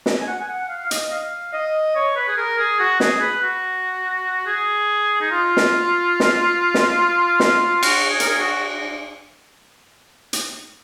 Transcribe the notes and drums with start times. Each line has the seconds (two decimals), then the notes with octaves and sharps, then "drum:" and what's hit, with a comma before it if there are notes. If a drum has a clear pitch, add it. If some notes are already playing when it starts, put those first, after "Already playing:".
0.06 drum: snare
0.20 G#5
0.27 F#5
0.40 G#5
0.49 F#5
0.69 F5
0.85 F5
0.91 D#5, drum: hi-hat
1.12 F5
1.53 D#5
1.96 C#5
2.16 B4
2.29 G#4
2.37 A#4
2.59 G#4
2.80 F#4
3.00 G#4, drum: snare
3.21 B4
3.43 F#4
4.47 G#4
5.21 D#4
5.31 F4
5.57 drum: snare
6.20 drum: snare
6.74 drum: snare
7.40 drum: snare
7.83 F#4, drum: cymbal
8.10 G#4
8.20 A#4, drum: hi-hat
8.28 G#4
8.39 F#4
10.33 drum: hi-hat